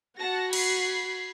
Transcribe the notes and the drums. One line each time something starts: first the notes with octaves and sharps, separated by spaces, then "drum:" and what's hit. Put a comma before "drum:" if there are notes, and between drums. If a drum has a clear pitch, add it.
F#4 F#5 A5 A#6
B5 G#6 C7, drum: cymbal